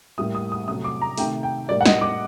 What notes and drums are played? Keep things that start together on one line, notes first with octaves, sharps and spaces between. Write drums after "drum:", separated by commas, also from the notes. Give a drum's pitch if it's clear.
A2 G3 A#3 D#6
D#6
D#6
C3 F#3 A3 D#6
D6
A#5
C3 D#3 A3 G5, drum: open hi-hat
G5
A2 G3 A#3 D5
F#5
D#5, drum: snare
D6